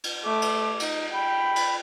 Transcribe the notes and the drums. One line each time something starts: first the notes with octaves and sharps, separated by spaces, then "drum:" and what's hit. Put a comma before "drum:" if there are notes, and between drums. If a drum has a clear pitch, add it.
drum: cymbal
A3 D6
drum: cymbal
D#4, drum: cymbal
G5 B5
drum: cymbal